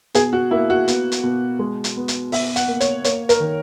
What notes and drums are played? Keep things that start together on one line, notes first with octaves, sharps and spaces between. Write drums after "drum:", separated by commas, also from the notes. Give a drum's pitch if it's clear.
B2 G#4, drum: hi-hat
F#4
A#3 E4
F#4
B3, drum: hi-hat
drum: hi-hat
B2
G#3
drum: hi-hat
B3
drum: hi-hat
B2 E5, drum: open hi-hat
F#5, drum: hi-hat
A#3
C#5, drum: hi-hat
A#3 C#5, drum: hi-hat
A#4, drum: hi-hat
D#3